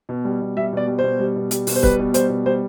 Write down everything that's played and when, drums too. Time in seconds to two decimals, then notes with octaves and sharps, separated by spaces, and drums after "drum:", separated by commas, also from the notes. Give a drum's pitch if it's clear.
0.09 B2
0.25 G3
0.41 B2
0.57 G3 E5
0.73 B2 D5
0.88 G3
0.99 B2 C5
1.19 G3
1.36 B2
1.51 G3, drum: hi-hat
1.67 B2, drum: open hi-hat
1.76 C5
1.83 G3 B4, drum: kick
1.99 B2
2.14 G3 C5, drum: hi-hat
2.30 B2
2.46 G3 C5